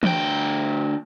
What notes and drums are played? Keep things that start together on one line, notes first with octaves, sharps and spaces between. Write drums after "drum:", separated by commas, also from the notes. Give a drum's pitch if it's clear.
D2 G5, drum: tom E3